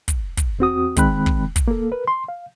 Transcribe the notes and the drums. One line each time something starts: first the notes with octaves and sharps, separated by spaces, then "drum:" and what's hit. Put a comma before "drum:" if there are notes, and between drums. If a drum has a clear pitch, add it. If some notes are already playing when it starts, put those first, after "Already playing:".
drum: kick, hi-hat
drum: kick, hi-hat
E2 C4 F#4 D#6
D#3 G#3 C4 G5 B5 F#6, drum: kick, hi-hat
drum: kick
drum: kick, hi-hat
A#3 A4
A#4 B4
C6
F5